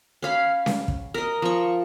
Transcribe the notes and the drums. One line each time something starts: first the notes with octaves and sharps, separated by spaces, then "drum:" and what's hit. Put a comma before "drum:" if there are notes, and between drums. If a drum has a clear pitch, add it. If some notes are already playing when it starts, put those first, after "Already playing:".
C#4 F5 B5
drum: snare C#4
drum: kick
A#4 D#5
F3 C#6